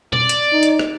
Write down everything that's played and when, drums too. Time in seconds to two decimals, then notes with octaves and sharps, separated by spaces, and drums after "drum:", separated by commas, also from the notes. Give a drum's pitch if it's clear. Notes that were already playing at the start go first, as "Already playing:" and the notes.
0.13 D5, drum: tom B2
0.29 drum: hi-hat
0.53 D#4
0.63 drum: hi-hat
0.79 drum: rim click